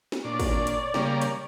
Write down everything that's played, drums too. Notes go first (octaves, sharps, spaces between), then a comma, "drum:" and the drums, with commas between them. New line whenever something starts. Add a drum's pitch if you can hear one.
drum: snare
A#2 D4 C#5 D5
drum: kick, open hi-hat
drum: hi-hat
C#3 G3 A#3, drum: snare
drum: hi-hat